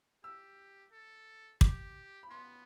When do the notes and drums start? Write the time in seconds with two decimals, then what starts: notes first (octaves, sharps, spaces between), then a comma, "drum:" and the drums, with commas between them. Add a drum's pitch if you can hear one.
0.24 G4 E6
0.92 A4
1.61 G4 D6, drum: kick
2.23 B5
2.30 B3 C6